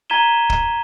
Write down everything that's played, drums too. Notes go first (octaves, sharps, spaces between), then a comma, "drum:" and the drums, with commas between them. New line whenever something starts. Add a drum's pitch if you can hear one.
A#5 G#6 B6 D#7 E7 G7
drum: kick